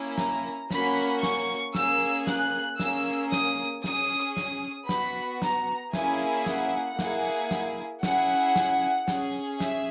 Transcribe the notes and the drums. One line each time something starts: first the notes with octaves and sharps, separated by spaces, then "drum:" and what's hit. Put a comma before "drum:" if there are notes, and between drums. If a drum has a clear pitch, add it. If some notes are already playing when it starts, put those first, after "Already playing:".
Already playing: A#3 C#4 E4
A#5, drum: snare
A#3 C#4 F#4 B5, drum: snare
C#6, drum: snare
A#3 C#4 G#4 E6, drum: snare
F#6, drum: snare
A#3 C#4 G#4 E6, drum: snare
D#6, drum: snare
C#4 G#4 D#6, drum: snare
D#6, drum: snare
B3 F#4 B5, drum: snare
A#5, drum: snare
A#3 C#4 E4 G#4 G#5, drum: snare
F#5, drum: snare
A#3 E4 G#4, drum: snare
drum: snare
C#4 E4 G#4 F#5, drum: snare
drum: snare
C#4 G#4, drum: snare
E5, drum: snare